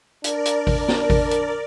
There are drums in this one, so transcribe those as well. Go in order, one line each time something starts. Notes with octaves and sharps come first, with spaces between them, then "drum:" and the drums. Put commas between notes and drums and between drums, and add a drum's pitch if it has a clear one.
D4 A#4 D5, drum: hi-hat
drum: hi-hat
drum: kick G#1, open hi-hat
drum: snare
drum: kick G#1, open hi-hat
drum: hi-hat